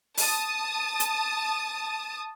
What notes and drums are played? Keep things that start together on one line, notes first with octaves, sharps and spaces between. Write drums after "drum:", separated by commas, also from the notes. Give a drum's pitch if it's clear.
A5 D#6, drum: open hi-hat
drum: hi-hat